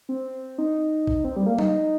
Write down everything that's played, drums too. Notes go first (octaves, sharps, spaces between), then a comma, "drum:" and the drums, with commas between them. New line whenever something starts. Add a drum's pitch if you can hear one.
C4
D#4
drum: kick
C4
G3
A#3
D#4, drum: tom F#3